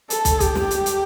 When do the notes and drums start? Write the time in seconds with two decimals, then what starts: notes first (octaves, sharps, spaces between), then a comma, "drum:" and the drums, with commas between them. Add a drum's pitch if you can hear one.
0.10 A4, drum: hi-hat
0.25 drum: kick, hi-hat
0.40 G4, drum: kick, hi-hat
0.55 drum: snare
0.71 drum: hi-hat
0.86 drum: hi-hat